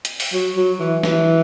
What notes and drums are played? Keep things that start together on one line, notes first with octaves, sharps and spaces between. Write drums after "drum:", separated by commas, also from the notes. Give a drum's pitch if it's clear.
drum: hi-hat
drum: open hi-hat
F#3
F#3
E3
E3, drum: snare